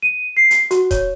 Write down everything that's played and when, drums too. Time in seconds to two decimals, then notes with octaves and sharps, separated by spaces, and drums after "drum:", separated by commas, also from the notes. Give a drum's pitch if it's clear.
0.02 D#7
0.37 C7
0.51 drum: hi-hat
0.71 F#4, drum: hi-hat
0.91 C#5, drum: kick D#1, hi-hat